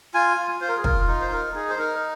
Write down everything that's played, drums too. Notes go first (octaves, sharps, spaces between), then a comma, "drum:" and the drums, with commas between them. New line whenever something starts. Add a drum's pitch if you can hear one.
F4 G#5
F4
F4 C5
A#4
G#4
F4 A#4, drum: kick
D#4
C5
D#4 A#4
D#4 G#4
C5
D#4 A#4